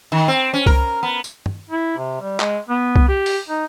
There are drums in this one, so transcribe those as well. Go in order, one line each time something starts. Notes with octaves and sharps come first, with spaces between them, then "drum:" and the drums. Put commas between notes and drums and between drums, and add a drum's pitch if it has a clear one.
D#3
C4
C#4
A#4, drum: kick C2
B3
drum: tambourine
drum: tom
E4
C3
G3
G#3, drum: clap
B3
drum: kick C2
G4
drum: open hi-hat
D#4